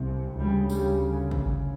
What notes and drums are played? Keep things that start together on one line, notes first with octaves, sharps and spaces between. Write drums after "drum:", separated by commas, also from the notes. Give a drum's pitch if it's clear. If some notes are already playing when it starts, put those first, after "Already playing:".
Already playing: C2 C3
D2 C#3 G3
G3, drum: tambourine
drum: kick